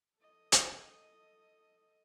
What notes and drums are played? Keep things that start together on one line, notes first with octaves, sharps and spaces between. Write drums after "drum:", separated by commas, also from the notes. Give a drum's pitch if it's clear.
A4 D#5
drum: hi-hat